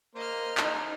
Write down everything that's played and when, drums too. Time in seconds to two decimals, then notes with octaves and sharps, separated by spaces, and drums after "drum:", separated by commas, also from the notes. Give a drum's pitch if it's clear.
0.15 A#3 C5 D#5 F6
0.57 D#4, drum: clap